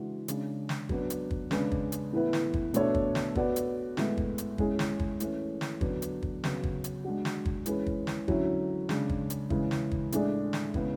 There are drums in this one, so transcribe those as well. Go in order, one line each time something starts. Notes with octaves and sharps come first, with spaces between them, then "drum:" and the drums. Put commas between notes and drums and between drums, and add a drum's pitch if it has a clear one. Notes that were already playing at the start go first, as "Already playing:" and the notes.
Already playing: C#3 E3 G#3 D4 F#4
C#3 G#3 D4, drum: hi-hat
drum: snare
F#3 B3 D4, drum: kick
drum: hi-hat
drum: kick
C#3 G#3 D4 G#4 B4, drum: snare
drum: kick
drum: hi-hat
A2 E3 B3 E4 B4
drum: snare
drum: kick
B2 A3 D4 A4 C#5, drum: hi-hat
drum: kick
drum: snare
B3 F#4 B4 D5, drum: kick
drum: hi-hat
A2 G#3 B3, drum: snare
drum: kick
drum: hi-hat
G#3 C#4 E4 G#4, drum: kick
drum: snare
drum: kick
E3 A3 C#4, drum: hi-hat
drum: snare
D3 F#3 B3 D4, drum: kick
drum: hi-hat
drum: kick
C#3 F#3 B3, drum: snare
drum: kick
drum: hi-hat
G#3 D4 F#4
drum: snare
drum: kick
E3 G#3 C#4 G#4 B4, drum: hi-hat
drum: kick
drum: snare
D3 F#3 C#4 E4, drum: kick
C#3 G#3 D4, drum: snare
drum: kick
drum: hi-hat
C#3 E3 G#3, drum: kick
drum: snare
drum: kick
A2 G#3 D4 G#4 D5, drum: hi-hat
drum: snare
C#3 G#3 B3 E4, drum: kick